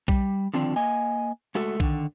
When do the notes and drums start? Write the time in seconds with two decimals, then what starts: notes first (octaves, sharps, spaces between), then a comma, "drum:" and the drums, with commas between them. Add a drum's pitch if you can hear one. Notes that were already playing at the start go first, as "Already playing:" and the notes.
0.08 G3, drum: kick B1
0.54 D3 D#3 F3 C4 D4
0.76 A#3 D#5 G#5
1.55 G#3 A3 F#4 A4
1.80 D3 D#3, drum: kick B1